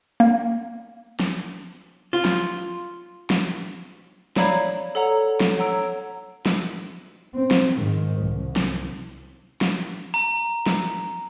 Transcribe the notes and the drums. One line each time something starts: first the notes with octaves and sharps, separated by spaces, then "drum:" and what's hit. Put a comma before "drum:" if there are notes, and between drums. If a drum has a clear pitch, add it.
A#3
drum: snare
F4
drum: snare
drum: snare
C#5 D5 F5 A#5 B5 G#6, drum: snare
A4 C#5 F#5 A#5
drum: snare
C#5 F#5 A#5 E6 D7
drum: snare
C4
drum: snare
G#2 D#3
C2
drum: snare
drum: snare
A#5
drum: snare